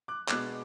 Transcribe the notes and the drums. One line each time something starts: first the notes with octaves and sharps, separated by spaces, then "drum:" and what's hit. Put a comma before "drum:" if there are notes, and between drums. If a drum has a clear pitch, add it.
D6 F#6
B2 G#3 B3 D4 D6 F#6, drum: clap